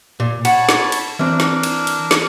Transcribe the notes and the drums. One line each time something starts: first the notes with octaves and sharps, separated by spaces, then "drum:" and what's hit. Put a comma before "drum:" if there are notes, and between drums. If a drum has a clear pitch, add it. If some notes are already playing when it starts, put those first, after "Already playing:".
A#2
C#5 F#5 A5 B5, drum: cymbal
drum: snare
drum: cymbal
E3 C4 D4 A#4
drum: snare
drum: cymbal
drum: cymbal
drum: snare